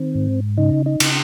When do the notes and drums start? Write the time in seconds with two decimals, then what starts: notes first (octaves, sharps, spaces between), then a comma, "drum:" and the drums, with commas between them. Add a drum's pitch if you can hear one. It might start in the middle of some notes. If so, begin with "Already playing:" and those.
Already playing: D#3 C4
0.15 G#2
0.58 C#3 D#4
0.86 D#4
1.00 C#3, drum: cymbal